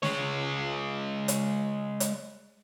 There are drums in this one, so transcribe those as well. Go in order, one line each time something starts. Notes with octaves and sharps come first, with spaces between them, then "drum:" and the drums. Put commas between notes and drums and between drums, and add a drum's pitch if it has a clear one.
G#3 C#5, drum: snare
drum: hi-hat
drum: hi-hat